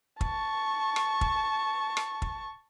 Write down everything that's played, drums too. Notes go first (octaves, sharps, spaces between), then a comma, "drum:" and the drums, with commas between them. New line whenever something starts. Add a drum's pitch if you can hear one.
A5 C#6, drum: kick
drum: rim click
drum: kick
drum: rim click
drum: kick